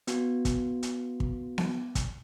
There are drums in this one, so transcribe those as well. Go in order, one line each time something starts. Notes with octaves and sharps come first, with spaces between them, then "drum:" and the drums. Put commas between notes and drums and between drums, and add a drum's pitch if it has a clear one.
B3 F#4, drum: hi-hat
drum: kick, hi-hat
drum: hi-hat
drum: kick
drum: snare B3
drum: kick, hi-hat